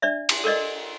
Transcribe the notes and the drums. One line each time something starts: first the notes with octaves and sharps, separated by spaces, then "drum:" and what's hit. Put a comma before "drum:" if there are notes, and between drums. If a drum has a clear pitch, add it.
D4 D5 E5
drum: cymbal
A4 A#4 D5 D#5